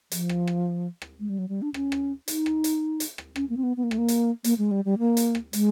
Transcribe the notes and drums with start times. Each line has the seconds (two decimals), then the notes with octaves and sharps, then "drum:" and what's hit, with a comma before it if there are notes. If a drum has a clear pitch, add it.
0.12 F3, drum: hi-hat
0.29 drum: rim click
0.47 drum: rim click
1.02 drum: rim click
1.20 G#3
1.29 G3
1.39 F#3
1.49 G3
1.62 D4
1.74 C#4, drum: rim click
1.92 drum: rim click
2.28 D#4, drum: hi-hat
2.46 drum: rim click
2.64 drum: hi-hat
3.00 drum: hi-hat
3.18 drum: rim click
3.36 C#4, drum: rim click
3.49 A#3
3.57 C4
3.63 B3
3.77 B3
3.84 A#3
3.91 A3, drum: rim click
3.98 A#3
4.08 drum: hi-hat
4.44 A#3, drum: hi-hat
4.58 G#3
4.71 G3
4.85 G3
4.99 A#3
5.17 drum: hi-hat
5.35 drum: rim click
5.53 G#3, drum: hi-hat